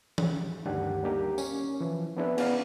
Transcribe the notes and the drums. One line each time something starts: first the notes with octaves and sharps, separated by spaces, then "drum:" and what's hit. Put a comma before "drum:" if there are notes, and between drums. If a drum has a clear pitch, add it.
drum: tom E3
D2 G2 D#3 D4 G4 F#5
G3 A#3 D#4 G4 A#4
C#4, drum: tambourine
E3 F3
B3 C4 D4 E4 G#4 B4
B3 C#4 D4 D5 F5, drum: cymbal